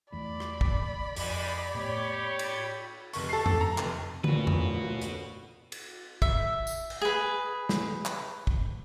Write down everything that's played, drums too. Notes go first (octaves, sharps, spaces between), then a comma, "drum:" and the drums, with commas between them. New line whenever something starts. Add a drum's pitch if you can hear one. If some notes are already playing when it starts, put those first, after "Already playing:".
E2 E3 A3 D5 B5
drum: rim click
drum: kick
F2 G#2, drum: open hi-hat
A2 A#3 B3 G4 C#5
drum: cymbal
F1 C#6, drum: open hi-hat
A4 C7
drum: tom F2
A#5
F1, drum: clap
A1 D2 A#2 F#4 B4, drum: tom
drum: tom F2
drum: hi-hat
drum: cymbal
E5, drum: kick
drum: tambourine
drum: cymbal
G#4 B4
drum: snare
drum: clap
drum: kick